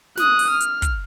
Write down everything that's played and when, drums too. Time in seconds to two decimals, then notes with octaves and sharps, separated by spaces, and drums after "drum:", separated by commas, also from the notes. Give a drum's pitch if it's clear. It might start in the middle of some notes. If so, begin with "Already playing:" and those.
0.17 D#6 F#6, drum: snare
0.39 drum: open hi-hat
0.50 F6
0.60 drum: hi-hat
0.82 drum: kick, hi-hat